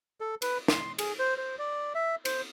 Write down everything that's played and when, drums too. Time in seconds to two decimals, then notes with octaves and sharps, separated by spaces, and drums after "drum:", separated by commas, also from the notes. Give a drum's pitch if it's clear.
0.20 A4
0.42 B4, drum: cymbal
0.68 C6, drum: snare
0.99 G#4, drum: cymbal
1.19 C5
1.38 C5
1.59 D5
1.95 E5
2.25 C5, drum: cymbal